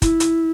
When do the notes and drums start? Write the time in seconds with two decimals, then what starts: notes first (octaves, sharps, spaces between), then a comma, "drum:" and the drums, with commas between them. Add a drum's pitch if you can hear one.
0.02 E4, drum: kick, hi-hat
0.20 drum: hi-hat